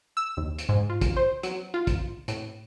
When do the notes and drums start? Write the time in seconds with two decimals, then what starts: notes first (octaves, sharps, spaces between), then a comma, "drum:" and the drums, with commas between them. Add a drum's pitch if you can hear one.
0.17 E6
0.37 D#2
0.59 drum: hi-hat
0.69 G#2
0.90 F4
1.01 drum: kick, hi-hat
1.17 C5
1.43 F#3, drum: hi-hat
1.74 F4
1.87 drum: kick, hi-hat
2.28 A2, drum: hi-hat